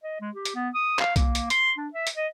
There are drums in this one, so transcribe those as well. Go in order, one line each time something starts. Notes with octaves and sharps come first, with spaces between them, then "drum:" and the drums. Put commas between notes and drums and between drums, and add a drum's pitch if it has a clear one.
D#5
G#3
G4
drum: hi-hat
B3
D#6
F5, drum: clap
A#3, drum: kick B1, hi-hat
drum: hi-hat
C6, drum: hi-hat
D4
E5
drum: hi-hat
D#5